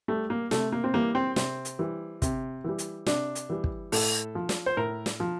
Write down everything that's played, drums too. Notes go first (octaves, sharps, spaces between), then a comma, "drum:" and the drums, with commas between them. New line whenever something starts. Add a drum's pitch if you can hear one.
G3 A3
A#3
C3 A3, drum: snare
A#3
C4
E3 G3 A#3
C4
C3 C4, drum: snare
drum: hi-hat
E3 G3
C3, drum: kick, hi-hat
E3 G3
drum: hi-hat
C3 D4, drum: snare
drum: hi-hat
E3 G3
drum: kick
A2 A4, drum: open hi-hat
F3
drum: snare
C5
A2 A#4
drum: snare
F3